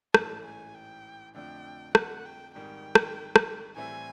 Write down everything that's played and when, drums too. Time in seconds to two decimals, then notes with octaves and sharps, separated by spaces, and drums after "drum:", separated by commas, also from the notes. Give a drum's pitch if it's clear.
0.14 A1 G#2 E3 A3 A5, drum: rim click
0.44 G#5
0.75 G5
1.35 F2 D3 F3 A3 D4 G5
1.95 F#5, drum: rim click
2.25 G5
2.55 G#1 G#2 D#3 G3 G5
2.95 drum: rim click
3.36 drum: rim click
3.76 A2 E3 G3 C4 E4 G#5